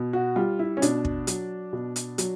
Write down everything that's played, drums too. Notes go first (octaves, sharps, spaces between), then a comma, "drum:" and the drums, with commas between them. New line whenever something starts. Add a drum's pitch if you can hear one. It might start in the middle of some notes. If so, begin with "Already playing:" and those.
Already playing: B2
F#4
G3 F4
E4
C#4
B2 D4, drum: hi-hat
drum: kick
F#3, drum: hi-hat
B2
drum: hi-hat
F#3, drum: hi-hat